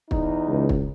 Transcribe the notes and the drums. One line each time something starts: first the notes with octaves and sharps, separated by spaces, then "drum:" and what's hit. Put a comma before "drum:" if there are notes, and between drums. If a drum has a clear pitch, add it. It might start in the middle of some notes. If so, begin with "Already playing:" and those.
E2 D#4, drum: kick
C#2
drum: kick